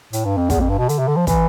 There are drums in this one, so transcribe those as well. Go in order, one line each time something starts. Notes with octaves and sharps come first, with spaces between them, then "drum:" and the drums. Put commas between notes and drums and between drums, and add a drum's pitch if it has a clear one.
A2, drum: hi-hat
G2
F2
E2, drum: kick, hi-hat
F2
G2
B2
D3, drum: hi-hat
C3
D3
F3
E3, drum: kick, hi-hat